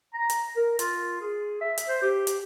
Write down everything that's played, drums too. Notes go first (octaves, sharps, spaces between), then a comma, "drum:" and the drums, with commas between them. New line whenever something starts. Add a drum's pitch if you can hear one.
A#5
drum: hi-hat
A#4
F4, drum: hi-hat
G#4
E5
drum: hi-hat
C5
G4
drum: hi-hat